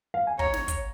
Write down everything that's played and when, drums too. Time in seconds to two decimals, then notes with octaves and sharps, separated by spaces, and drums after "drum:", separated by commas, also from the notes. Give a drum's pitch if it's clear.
0.14 F5
0.27 G#5
0.39 C#5 A#5, drum: kick
0.54 drum: snare
0.68 drum: kick, hi-hat